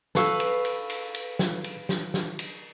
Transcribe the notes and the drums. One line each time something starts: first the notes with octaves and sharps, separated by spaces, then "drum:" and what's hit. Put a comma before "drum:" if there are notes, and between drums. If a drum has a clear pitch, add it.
A4 B4 F5 C#6 E6, drum: snare
drum: cymbal
drum: cymbal
drum: cymbal
drum: cymbal
drum: snare
drum: cymbal
drum: snare
drum: snare
drum: cymbal